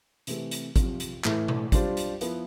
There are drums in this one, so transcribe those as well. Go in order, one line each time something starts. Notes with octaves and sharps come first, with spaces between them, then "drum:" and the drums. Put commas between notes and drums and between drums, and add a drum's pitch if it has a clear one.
C3 E3 A3 C4, drum: hi-hat
drum: hi-hat
C3 F3 C4, drum: kick G#1, hi-hat
drum: hi-hat
A2 E3 A3 E4, drum: clap
drum: tom B2
G3 D4 F4 C5, drum: kick G#1, hi-hat
drum: hi-hat
F3 B3 E4 B4, drum: hi-hat